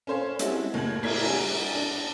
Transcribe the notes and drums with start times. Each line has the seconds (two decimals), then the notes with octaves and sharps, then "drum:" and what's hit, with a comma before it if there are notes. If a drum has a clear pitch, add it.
0.07 C#4 A4 C5 C#5 F5
0.39 G3 G#3 C4 E4 F#4 G#4, drum: hi-hat
0.74 F#1 A2 G#6 F#7
1.03 E5 A#5 F6 G#6 B6 C7, drum: cymbal
1.23 G3 D4 F#4 G#4
1.75 D4